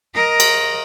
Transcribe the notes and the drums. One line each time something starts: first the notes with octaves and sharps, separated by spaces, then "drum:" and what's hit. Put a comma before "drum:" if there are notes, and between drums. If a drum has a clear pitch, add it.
A#4 D#5
drum: cymbal